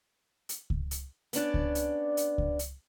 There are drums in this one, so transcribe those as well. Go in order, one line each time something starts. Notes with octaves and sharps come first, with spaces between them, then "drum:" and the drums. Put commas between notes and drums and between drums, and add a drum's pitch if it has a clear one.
drum: hi-hat
drum: kick C#2
drum: hi-hat
B3 C#4 D4 D5, drum: hi-hat
drum: kick C#2
drum: hi-hat
drum: hi-hat
drum: kick C#2
drum: hi-hat